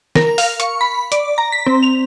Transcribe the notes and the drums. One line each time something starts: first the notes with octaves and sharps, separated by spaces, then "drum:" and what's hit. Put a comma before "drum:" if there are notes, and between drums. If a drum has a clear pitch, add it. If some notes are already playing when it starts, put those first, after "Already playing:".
A#4, drum: snare
F5, drum: open hi-hat
C#6, drum: hi-hat
B5
D5, drum: hi-hat
A#5
B6
C4
F7